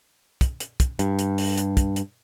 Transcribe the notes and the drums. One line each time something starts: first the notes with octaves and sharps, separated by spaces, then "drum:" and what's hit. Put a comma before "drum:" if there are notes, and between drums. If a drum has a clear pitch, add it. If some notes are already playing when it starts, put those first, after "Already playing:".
drum: kick, hi-hat
drum: hi-hat
drum: kick, hi-hat
G2, drum: hi-hat
drum: hi-hat
drum: open hi-hat
drum: hi-hat
drum: kick, hi-hat
drum: hi-hat